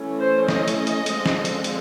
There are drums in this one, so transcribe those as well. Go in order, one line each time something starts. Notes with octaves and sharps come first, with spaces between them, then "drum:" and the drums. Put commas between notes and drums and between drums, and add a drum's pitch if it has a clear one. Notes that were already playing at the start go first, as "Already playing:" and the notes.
Already playing: E3 A3 C#4
C5
D#5, drum: snare
drum: hi-hat
drum: hi-hat
D3 F3 G#3 C4, drum: hi-hat
drum: snare
drum: hi-hat
drum: hi-hat